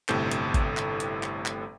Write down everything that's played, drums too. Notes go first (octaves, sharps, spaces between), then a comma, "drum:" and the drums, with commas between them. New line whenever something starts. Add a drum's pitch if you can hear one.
G1 A2 C3 A4 G6, drum: clap
drum: hi-hat
drum: kick G#1, hi-hat
drum: clap
drum: hi-hat
drum: clap
drum: clap